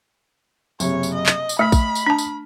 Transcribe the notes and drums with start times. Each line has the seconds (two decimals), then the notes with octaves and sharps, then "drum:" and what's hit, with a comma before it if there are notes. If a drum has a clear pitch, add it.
0.80 F#1 C3 G4 C#5, drum: tambourine
1.03 drum: tambourine
1.14 D#5
1.26 drum: clap
1.49 drum: tambourine
1.59 A3 D#5 B5 F6 B6
1.72 drum: kick A#1, tambourine
1.95 drum: tambourine
2.07 D4 A5
2.18 drum: tambourine